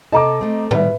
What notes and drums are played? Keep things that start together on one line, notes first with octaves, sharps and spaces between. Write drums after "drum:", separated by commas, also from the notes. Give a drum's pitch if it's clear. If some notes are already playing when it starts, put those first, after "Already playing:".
C3 A4 D#5 A5 A#5 D6
A3 C4
A#2 D#3 G3 B4 E5, drum: tom A2